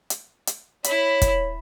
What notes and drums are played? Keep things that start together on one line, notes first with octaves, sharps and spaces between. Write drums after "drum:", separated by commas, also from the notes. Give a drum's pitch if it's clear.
drum: hi-hat
drum: hi-hat
E4 C#5 B5, drum: hi-hat
drum: kick, hi-hat